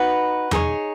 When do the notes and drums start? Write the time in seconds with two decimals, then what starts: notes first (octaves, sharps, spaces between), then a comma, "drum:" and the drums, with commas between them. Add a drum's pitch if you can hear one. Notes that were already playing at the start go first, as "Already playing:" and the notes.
Already playing: D#4 F#4 B4
0.51 D#4 G#4 C#5, drum: tom E2